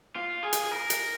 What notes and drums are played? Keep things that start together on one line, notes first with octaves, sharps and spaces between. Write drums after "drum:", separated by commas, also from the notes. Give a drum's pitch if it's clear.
F4
G#4
drum: hi-hat
G#4
A#4
drum: hi-hat